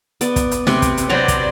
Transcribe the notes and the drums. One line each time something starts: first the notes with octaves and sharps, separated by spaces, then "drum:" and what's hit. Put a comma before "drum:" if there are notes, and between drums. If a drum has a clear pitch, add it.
B3 D5, drum: hi-hat
drum: kick, hi-hat
drum: hi-hat
C3 C4 B4, drum: snare
drum: kick, hi-hat
drum: hi-hat
C3 F#3 B4 C5 D5 A#5
drum: kick, hi-hat